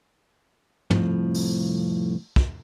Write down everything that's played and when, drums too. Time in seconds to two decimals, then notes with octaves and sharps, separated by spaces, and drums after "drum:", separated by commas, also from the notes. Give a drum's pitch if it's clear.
0.90 C2 F2 A2 F3, drum: tom
1.34 drum: open hi-hat
2.36 drum: kick